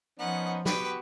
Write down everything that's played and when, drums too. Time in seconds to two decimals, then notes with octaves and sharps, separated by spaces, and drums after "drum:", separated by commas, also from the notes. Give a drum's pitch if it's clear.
0.19 F3 B3 C#4 D#4 F#5
0.66 B3 F#4 G4 B4 G5, drum: snare